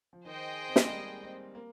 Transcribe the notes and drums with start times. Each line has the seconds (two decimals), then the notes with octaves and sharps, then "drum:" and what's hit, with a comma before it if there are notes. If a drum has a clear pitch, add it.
0.13 F3
0.25 D#3 G#4 C5 D#5 G5
0.68 C4
0.76 A#3, drum: snare
0.84 G#3
0.90 G3
1.23 C4
1.55 A#3